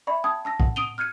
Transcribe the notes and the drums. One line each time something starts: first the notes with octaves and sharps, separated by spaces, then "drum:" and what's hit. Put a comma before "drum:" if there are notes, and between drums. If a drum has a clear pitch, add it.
D5 E5 B5 C#6
G5 A5 D#6 G#6
A5 E6 A#6
F#5, drum: kick
D#6 D7 D#7 F7 G7
F6 F#6 G#6 C#7 D#7